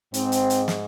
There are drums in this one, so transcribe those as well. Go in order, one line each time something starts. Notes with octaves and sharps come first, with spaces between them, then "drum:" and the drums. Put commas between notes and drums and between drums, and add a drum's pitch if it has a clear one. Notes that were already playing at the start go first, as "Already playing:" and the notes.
G#2 C4, drum: hi-hat
drum: hi-hat
drum: hi-hat
drum: snare